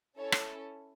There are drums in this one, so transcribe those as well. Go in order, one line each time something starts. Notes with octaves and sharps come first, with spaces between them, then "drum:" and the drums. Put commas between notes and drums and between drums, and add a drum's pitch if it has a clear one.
C#4 E4 A4 C#5
drum: rim click